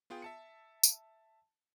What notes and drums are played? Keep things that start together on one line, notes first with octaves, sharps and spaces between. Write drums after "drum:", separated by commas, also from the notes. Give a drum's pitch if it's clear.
B3 F4 G#4 G5
E5 A5 C#7
drum: tambourine